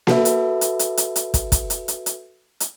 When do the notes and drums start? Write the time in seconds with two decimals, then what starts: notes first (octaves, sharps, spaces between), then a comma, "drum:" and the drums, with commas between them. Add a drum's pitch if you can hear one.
0.07 F#4 A4 B4 E5, drum: snare A#3
0.25 drum: hi-hat
0.61 drum: hi-hat
0.79 drum: hi-hat
0.97 drum: hi-hat
1.16 drum: hi-hat
1.34 drum: kick, hi-hat
1.52 drum: kick, hi-hat
1.70 drum: hi-hat
1.88 drum: hi-hat
2.06 drum: hi-hat
2.60 drum: hi-hat